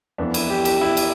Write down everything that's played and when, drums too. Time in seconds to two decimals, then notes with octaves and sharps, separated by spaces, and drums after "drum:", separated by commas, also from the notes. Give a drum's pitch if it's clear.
0.18 F2 E3 B3 D4
0.34 E4, drum: cymbal
0.50 G4
0.65 G4, drum: cymbal
0.81 E4
0.97 drum: cymbal